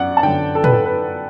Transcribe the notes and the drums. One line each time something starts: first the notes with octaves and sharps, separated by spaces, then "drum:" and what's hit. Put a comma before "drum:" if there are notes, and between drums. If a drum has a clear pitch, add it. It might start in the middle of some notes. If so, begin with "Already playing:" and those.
Already playing: F#2 D5 F#5
A5
F#2 D3 G5
A4
B4, drum: tom
A4
B4